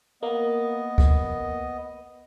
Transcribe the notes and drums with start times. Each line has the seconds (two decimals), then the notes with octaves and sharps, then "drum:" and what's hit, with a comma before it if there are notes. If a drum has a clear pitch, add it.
0.23 A#3 B3 D#5
0.98 drum: kick C#2